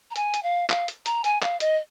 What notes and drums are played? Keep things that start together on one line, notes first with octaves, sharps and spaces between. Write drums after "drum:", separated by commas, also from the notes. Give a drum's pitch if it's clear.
A#5
G#5, drum: hi-hat
drum: hi-hat
F5
F5, drum: clap
drum: hi-hat
A#5, drum: hi-hat
G#5, drum: hi-hat
F5, drum: clap
D#5, drum: hi-hat